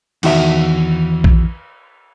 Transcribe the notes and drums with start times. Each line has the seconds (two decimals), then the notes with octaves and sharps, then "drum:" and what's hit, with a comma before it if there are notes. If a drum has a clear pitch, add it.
0.23 E2 D#3 F#4 E5, drum: cymbal
1.24 drum: kick A#1